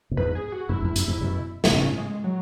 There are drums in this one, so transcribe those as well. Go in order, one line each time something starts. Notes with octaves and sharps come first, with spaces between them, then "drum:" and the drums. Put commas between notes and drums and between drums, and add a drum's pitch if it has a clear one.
B2
E2 G#2 B4
G#4
G#4
F#4
F#2 E4
E2
F#2, drum: hi-hat
E2 G#2
F#2 B2
B2 B3, drum: snare
G#2 C#3 C#4
G#3
F#3